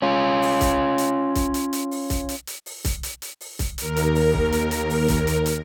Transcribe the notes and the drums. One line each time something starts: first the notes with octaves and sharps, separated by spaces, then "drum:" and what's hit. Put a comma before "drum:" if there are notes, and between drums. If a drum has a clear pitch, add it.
C#4 F4
drum: open hi-hat
drum: kick, hi-hat
drum: hi-hat
drum: kick, hi-hat
drum: hi-hat
drum: hi-hat
drum: open hi-hat
drum: kick, hi-hat
drum: hi-hat
drum: hi-hat
drum: open hi-hat
drum: kick, hi-hat
drum: hi-hat
drum: hi-hat
drum: open hi-hat
drum: kick, hi-hat
D#2 A#4, drum: hi-hat
drum: hi-hat
drum: open hi-hat
drum: kick
drum: hi-hat
drum: hi-hat
drum: open hi-hat
drum: kick, hi-hat
drum: hi-hat
drum: hi-hat